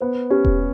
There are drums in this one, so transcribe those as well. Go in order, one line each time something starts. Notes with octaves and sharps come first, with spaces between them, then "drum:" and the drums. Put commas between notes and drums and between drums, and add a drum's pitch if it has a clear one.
B3 C5
C#4 G4
drum: kick E1